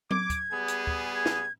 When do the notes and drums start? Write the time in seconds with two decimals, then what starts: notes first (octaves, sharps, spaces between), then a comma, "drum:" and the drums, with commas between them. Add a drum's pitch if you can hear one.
0.11 D6 G#6, drum: tom F#3
0.30 drum: kick, hi-hat
0.53 G3 B3 G#4
0.68 drum: hi-hat
0.87 drum: kick
1.15 G#6
1.26 drum: snare